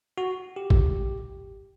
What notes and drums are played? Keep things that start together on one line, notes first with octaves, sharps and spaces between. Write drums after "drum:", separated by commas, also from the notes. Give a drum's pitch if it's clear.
F#4
G4
drum: kick G#1